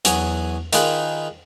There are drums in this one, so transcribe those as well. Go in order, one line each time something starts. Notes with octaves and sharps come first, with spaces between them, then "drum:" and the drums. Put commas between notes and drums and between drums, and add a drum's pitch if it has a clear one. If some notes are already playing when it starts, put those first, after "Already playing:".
E2 F#3 G#5 D#6, drum: hi-hat
D#3 D#4 F4 G#4 A#4 B4, drum: hi-hat